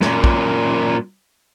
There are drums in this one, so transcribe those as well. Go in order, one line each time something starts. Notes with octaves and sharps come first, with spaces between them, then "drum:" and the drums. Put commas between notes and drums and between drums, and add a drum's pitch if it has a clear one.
F#2 A#2, drum: snare
drum: kick